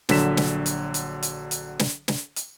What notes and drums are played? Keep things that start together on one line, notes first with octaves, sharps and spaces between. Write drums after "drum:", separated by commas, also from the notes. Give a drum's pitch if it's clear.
A#1 D3 F#3 B6 E7, drum: snare
drum: snare
drum: hi-hat
drum: hi-hat
drum: hi-hat
drum: hi-hat
drum: snare
drum: snare
drum: hi-hat